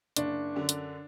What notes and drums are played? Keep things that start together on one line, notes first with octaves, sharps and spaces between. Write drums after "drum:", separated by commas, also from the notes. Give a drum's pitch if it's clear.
F#1 D4, drum: hi-hat
F#2 D3
drum: hi-hat